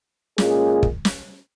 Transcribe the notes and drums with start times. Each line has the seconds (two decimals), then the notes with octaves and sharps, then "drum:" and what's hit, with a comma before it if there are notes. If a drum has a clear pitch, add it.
0.38 A#2 G#3 C#4 F4 G#4, drum: snare
0.83 drum: kick
1.05 drum: snare